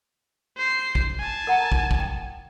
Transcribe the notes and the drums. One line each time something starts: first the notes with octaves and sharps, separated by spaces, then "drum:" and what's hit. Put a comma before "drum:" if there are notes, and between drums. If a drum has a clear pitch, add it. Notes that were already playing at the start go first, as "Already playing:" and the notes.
C5 C7
drum: kick
G#5 A5
A#4 F#5 A#5
drum: kick
drum: kick
G5